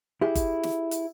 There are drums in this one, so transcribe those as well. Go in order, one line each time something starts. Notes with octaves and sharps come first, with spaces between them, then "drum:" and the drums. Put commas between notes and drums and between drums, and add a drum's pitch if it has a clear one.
E4 G4 G#4
drum: kick G1, hi-hat
drum: snare
drum: hi-hat